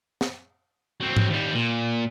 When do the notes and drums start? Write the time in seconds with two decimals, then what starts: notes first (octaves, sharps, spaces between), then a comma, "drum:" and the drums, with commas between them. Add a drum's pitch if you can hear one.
0.21 drum: snare
1.00 F#3 C4
1.17 drum: tom G#2
1.29 D#2 G3
1.54 A#2